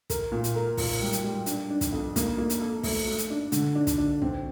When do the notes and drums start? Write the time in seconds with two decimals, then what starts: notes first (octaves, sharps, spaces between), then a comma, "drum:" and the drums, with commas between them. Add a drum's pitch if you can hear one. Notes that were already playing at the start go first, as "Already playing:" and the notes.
0.10 A#4, drum: kick, hi-hat
0.32 A#2
0.44 drum: hi-hat
0.56 A#4
0.77 A#2, drum: kick, open hi-hat
1.01 G3
1.12 drum: hi-hat
1.24 G3
1.46 D4, drum: hi-hat
1.70 D4
1.81 drum: kick, hi-hat
1.92 F2
2.16 A#3, drum: kick, hi-hat
2.38 A#3
2.50 drum: hi-hat
2.61 A4
2.83 A3, drum: kick, open hi-hat
3.07 A3
3.18 drum: hi-hat
3.30 D4
3.52 D3, drum: hi-hat
3.75 D4
3.87 drum: kick, hi-hat
3.98 D4
4.22 C4, drum: kick